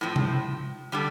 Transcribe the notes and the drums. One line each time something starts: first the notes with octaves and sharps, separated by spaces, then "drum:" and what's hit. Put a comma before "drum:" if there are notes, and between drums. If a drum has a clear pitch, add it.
A2 F3 C4
drum: tom C3
D3 G3 D4 A4